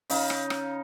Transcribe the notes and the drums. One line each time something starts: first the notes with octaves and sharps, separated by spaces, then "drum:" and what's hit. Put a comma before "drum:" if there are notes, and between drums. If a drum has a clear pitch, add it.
C#3 D#4 F5, drum: open hi-hat
drum: rim click
drum: rim click